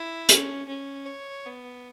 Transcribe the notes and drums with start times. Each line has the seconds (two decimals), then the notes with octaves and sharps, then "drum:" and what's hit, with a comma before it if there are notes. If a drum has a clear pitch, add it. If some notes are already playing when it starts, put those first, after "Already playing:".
Already playing: E4
0.29 C#4, drum: hi-hat
0.67 C#4
1.06 C#5
1.46 B3